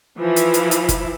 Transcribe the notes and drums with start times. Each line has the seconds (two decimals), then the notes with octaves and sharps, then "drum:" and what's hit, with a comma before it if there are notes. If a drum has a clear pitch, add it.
0.19 E3 F3 E4
0.36 drum: hi-hat
0.54 drum: hi-hat
0.71 drum: hi-hat
0.89 drum: kick F#1, hi-hat